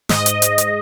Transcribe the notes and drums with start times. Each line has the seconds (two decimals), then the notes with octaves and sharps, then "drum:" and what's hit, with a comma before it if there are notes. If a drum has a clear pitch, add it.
0.09 G#2 D#5, drum: snare
0.26 drum: hi-hat
0.42 drum: hi-hat
0.58 drum: hi-hat